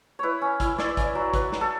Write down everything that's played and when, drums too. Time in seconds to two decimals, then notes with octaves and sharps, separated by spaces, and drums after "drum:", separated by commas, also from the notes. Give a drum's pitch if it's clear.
0.19 E4 B4 C#5
0.42 C#4
0.60 E4, drum: kick A1, hi-hat
0.78 E4 D5, drum: snare
0.89 E5
0.97 C#4 D5, drum: kick A1, hi-hat
1.15 F#3
1.33 F#3 B4, drum: kick A1, hi-hat
1.52 F#3, drum: snare
1.61 A4